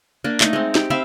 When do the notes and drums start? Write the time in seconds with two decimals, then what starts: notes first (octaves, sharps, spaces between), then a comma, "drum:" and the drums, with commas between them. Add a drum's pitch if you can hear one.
0.24 A#3 D4
0.41 A3 D#4, drum: clap
0.53 G#3 C4
0.75 G4, drum: snare
0.90 C4 E5 F5 B5